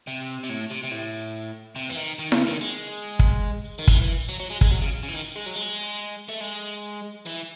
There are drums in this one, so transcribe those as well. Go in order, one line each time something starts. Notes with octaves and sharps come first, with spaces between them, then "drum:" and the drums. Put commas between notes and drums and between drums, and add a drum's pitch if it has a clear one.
C3
C3
A2
C3
C3
A2
C3
E3
D#3
D#3
C#3, drum: snare E4
D#3
G#3
drum: kick
D#3
E3, drum: kick
E3
F#3
F#3
G#3
G#3, drum: kick
F#3
C#3
C#3
E3
D#3
G#3
F#3
G#3
A3
G#3
E3